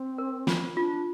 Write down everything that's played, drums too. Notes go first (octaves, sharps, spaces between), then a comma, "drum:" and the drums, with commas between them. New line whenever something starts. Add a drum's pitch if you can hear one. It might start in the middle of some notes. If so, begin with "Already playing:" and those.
Already playing: C4
A#4
F4, drum: snare
D4 F4